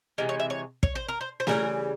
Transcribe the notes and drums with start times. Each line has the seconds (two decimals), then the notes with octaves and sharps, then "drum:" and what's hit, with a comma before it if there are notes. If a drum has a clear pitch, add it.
0.18 C3 E3 G#3 A#4
0.29 C#5
0.40 E5
0.50 C#5
0.83 C#5, drum: kick
0.95 C5
1.08 A#4
1.21 C5
1.40 C5
1.47 C#3 E3 G3 A#4, drum: snare